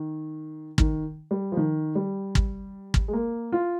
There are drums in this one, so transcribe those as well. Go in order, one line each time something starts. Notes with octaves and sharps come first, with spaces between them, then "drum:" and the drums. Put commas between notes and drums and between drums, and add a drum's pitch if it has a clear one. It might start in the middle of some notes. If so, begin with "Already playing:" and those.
Already playing: D#3
D#3, drum: kick
G3
F3
D#3
G3
drum: kick
drum: kick
G#3
A#3
F4